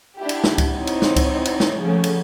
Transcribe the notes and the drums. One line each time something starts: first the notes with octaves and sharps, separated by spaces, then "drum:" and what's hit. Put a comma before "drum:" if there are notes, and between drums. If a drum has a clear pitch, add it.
D4 E4 G4
drum: cymbal
drum: snare
drum: kick C#2, cymbal
C4 D#4 E4 C#5
drum: cymbal
drum: snare
drum: kick C#2, cymbal
drum: cymbal
drum: snare
C#3 F3 A3 C#4
drum: cymbal